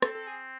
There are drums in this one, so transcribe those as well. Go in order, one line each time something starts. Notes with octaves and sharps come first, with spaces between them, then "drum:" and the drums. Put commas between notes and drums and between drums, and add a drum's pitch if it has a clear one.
C4 A4, drum: rim click
A4
G#4